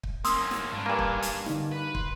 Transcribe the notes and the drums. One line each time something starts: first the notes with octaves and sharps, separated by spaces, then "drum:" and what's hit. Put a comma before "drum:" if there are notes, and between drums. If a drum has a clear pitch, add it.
drum: kick
A#3 C#4 C6 D#6 E6, drum: hi-hat
drum: snare
G#2 D4 B4
G2 A#3 G#5 F6 G#6
drum: kick
drum: hi-hat
D3 D#4, drum: snare
B4
C6, drum: kick